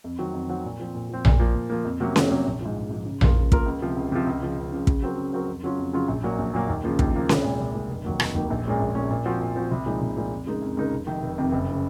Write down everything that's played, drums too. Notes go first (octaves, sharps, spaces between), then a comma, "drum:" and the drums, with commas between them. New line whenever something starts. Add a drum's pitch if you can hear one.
F2
D#3 F#3 C4 F#4
F2
D#3 F#3 C4 F#4
A#2
F3 C4
A#2
F3 C4
A#2, drum: tom A#1
F3 A#3
A#2
F3 A#3
F2
C3 F#3 A#3 C#4
F2, drum: snare C#4
C3 F#3 A#3 C#4
A#1
G#2 F3
A#1
G#2 F3
C#3
F3 A#3 F4 A#4, drum: tom A#1
C#3
F3 A#3 F4 A#4, drum: kick
C#2
C3 F3
C#2
C3 F3
C#2
C#3 F3
C#2
C#3 F3
C#3, drum: kick
F#3 C4 F#4 A#4
C#3
F#3 C4 F#4 A#4
F2
C#3 F#3 C#4 F4
F2
C#3 F#3 C#4 F4
A#1
A#2 F#3 A#3
A#1
A#2 F#3 A#3
D#2
C#3 F3 A#3
D#2, drum: kick
C#3 F3 A#3
C2, drum: snare C#4
A#2 G#3
C2
A#2 G#3
F1
D#2 D#3 F#3 A#3
F1, drum: rim click
D#2 D#3 F#3 A#3
A#1
A#2 G#3 C#4
A#1
A#2 G#3 C#4
A#2
F3 C4 F#4
A#2
F3 C4 F#4
C2
A#2 F3 G#3 D#4
C2
A#2 F3 G#3 D#4
F2
C#3 G#3 D#4 A#4
F2
C#3 G#3 D#4 A#4
F1
F2 C3 D#3
F1
F2 C3 D#3
F#1
C#3